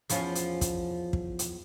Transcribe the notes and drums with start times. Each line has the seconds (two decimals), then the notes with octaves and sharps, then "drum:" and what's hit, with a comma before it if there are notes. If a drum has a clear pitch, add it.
0.09 E2 F3 C#4, drum: hi-hat
0.35 drum: hi-hat
0.61 drum: kick, hi-hat
1.13 drum: kick
1.39 drum: hi-hat